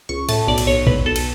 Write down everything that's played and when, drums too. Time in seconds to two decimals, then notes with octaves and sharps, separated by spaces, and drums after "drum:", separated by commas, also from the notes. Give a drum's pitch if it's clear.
0.09 C#2 C#6
0.29 A2 A5, drum: cymbal
0.47 B1 D5
0.58 drum: cymbal
0.67 B1 C#5
0.87 B1 B4, drum: kick A1
1.05 B1 A4
1.16 drum: cymbal